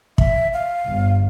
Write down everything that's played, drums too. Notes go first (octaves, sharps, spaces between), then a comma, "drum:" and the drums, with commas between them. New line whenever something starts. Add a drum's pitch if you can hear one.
E5, drum: kick
F5
G1